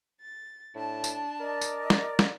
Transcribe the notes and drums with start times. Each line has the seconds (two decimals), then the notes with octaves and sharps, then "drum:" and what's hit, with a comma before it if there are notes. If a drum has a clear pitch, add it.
0.21 A6
0.75 A2 D4 A5
1.04 drum: tambourine
1.40 A#4 D5 D#5
1.61 drum: tambourine
1.90 drum: snare
2.19 drum: snare